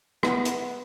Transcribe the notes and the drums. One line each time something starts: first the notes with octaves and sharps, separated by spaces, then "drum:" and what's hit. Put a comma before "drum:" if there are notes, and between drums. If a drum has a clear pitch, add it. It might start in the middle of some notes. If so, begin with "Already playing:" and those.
B3, drum: rim click
drum: hi-hat